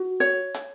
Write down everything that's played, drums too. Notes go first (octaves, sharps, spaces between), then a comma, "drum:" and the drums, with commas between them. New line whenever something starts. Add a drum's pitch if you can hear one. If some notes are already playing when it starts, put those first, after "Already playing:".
Already playing: F#4
C#5
drum: hi-hat